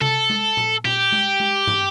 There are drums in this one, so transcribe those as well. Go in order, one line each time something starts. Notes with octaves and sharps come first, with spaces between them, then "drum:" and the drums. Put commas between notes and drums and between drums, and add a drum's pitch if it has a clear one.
A4, drum: tom C3
drum: tom G#3
drum: tom A#2
G4, drum: tom A#2
drum: tom G#3
drum: tom G#3
drum: tom